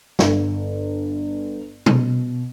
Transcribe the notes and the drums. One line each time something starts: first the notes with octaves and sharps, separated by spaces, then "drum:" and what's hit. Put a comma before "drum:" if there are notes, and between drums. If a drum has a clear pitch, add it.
G1, drum: snare
B2, drum: tom B2